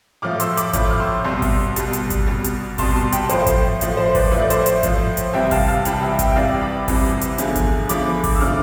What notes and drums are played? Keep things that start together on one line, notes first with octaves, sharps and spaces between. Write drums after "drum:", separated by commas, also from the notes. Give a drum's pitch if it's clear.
A2 F3 A3 D6 F6
C6 E6, drum: hi-hat
B5 D6, drum: hi-hat
A2 F3 A3 B5 D6, drum: kick G#1, hi-hat
F6
C6 E6
C2 B2 G3 C6 E6
drum: kick G#1, open hi-hat
C2 B2 G3, drum: hi-hat
drum: hi-hat
drum: kick G#1, hi-hat
C2 B2 G3
drum: hi-hat
C2 B2 G3 A5 C6, drum: kick G#1, open hi-hat
A5 C6
G5 B5, drum: hi-hat
A2 F3 A3 C5, drum: hi-hat
drum: kick G#1, hi-hat
A2 F3 A3, drum: hi-hat
C5
B4 D5, drum: kick G#1, open hi-hat
A2 F3 A3 E5
D5
C5 E5, drum: hi-hat
drum: hi-hat
A2 F3 A3, drum: kick G#1, hi-hat
drum: hi-hat
C2 C3 E3 G3 E5 G5
F5 A5, drum: kick G#1, open hi-hat
F5 A5
C2 C3 E3 G3 G5 B5, drum: hi-hat
E5 G5
E5 G5, drum: kick G#1, hi-hat
G5
C2 C3 E3 G3 D5 F5
B5 D6
C2 C3 E3 G3, drum: kick G#1, open hi-hat
drum: hi-hat
E2 D3 F3 A3, drum: hi-hat
drum: kick G#1, hi-hat
E2 D3 F3 A3 B5 D6, drum: hi-hat
drum: kick G#1, open hi-hat
E6
D3 F3 A3 D6 F6